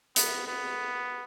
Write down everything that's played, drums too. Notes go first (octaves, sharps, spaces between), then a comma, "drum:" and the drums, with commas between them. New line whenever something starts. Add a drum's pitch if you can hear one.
B3, drum: hi-hat
B3